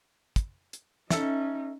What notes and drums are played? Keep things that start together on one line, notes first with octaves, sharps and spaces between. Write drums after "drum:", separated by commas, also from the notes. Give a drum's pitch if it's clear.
drum: kick, hi-hat
drum: hi-hat
C#4 D#4 A4 E5, drum: snare